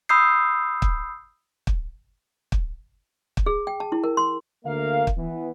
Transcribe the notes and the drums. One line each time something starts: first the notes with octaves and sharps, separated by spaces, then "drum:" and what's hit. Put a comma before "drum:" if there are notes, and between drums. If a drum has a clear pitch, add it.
B5 D#6 E6 G6 C7
drum: kick
drum: kick
drum: kick
drum: kick
G#4
G5
A5
E4
A#4
C6
D2 D3 A#3 A#4 E5 F5
drum: kick
E3 B3